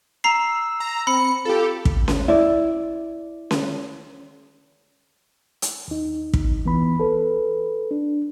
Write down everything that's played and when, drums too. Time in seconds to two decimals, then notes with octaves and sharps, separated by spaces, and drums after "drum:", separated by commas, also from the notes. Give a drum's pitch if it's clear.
0.24 A#5 E6 C7
0.80 A#5
1.07 C4 B5 C#7
1.45 F4 G4 A4
1.85 drum: kick
2.08 drum: snare C#4
2.28 E4 D5
3.51 drum: snare C#4
5.62 drum: hi-hat
5.88 D#2 D#4
6.34 drum: kick
6.65 E3 B3 B5
7.00 A4 B4
7.91 D4